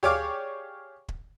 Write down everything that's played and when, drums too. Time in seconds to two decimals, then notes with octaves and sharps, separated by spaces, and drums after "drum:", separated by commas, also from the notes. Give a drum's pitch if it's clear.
0.03 G4 G#4 C#5 D5 F5 D6, drum: tom
1.08 drum: kick